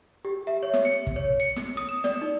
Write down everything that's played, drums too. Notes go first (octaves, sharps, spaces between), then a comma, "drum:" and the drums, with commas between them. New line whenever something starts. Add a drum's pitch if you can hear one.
G4
E5
C#5
drum: snare
C#7
drum: kick
C#5
C#7
drum: snare
D#6
E7
D5, drum: snare
D#4